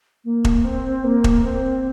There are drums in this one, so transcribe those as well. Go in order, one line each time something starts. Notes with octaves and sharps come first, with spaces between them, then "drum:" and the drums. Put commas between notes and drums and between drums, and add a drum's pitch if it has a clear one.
A#3
drum: kick E1
C4
A#3
drum: kick E1
C4